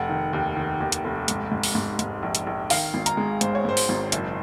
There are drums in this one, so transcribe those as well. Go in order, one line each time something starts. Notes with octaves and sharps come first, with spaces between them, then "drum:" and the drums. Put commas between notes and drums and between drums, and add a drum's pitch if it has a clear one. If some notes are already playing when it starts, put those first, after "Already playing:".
Already playing: F1 F#5
D#3
D#2
D#3
D#2
drum: hi-hat
F1
G#2, drum: hi-hat
G#2
drum: open hi-hat
G#2
G#2, drum: hi-hat
A#1
drum: hi-hat
A#1
D#3 F5, drum: open hi-hat
G#1
A#5, drum: hi-hat
G#3
G#2 C5, drum: hi-hat
C#5
G#2 C5
drum: open hi-hat
G#1
F#1, drum: hi-hat